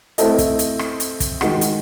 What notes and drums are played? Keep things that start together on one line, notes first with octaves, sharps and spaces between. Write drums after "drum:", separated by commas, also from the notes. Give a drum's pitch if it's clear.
A3 C4 E4 A4 D#5, drum: hi-hat
drum: kick, hi-hat
drum: hi-hat
drum: rim click
drum: hi-hat
drum: kick, hi-hat
D#3 G#3 D#4 F#4, drum: rim click
drum: hi-hat